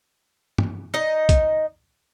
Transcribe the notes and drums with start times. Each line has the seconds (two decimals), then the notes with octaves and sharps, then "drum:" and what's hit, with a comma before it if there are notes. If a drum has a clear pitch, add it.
0.58 drum: tom
0.94 D#4 D#5
1.29 drum: kick, hi-hat